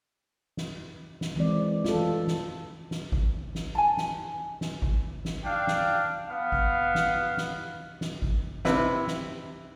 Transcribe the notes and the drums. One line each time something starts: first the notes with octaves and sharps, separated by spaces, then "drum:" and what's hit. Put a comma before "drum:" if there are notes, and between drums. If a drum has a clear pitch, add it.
drum: snare
drum: snare
E3 G#3 C4 D5
F4 A4, drum: snare
drum: snare
drum: snare
drum: kick G#1
drum: snare
G#5 A5
drum: snare
drum: snare
drum: kick G#1
drum: snare
D4 F5 G5
drum: snare
B3 F5
drum: kick G#1
drum: snare
drum: snare
drum: snare
drum: kick G#1
C3 E4 B4, drum: snare
drum: snare